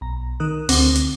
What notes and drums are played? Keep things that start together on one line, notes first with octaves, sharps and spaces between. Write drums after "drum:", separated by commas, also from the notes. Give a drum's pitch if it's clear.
B1 A#5
D#3 A#4 D#6 F#6
D2 C4 F#5 D6 A#6, drum: open hi-hat
drum: hi-hat